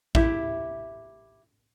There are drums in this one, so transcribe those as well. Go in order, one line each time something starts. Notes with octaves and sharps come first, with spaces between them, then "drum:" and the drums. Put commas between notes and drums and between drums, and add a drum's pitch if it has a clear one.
E4 G4 E5, drum: kick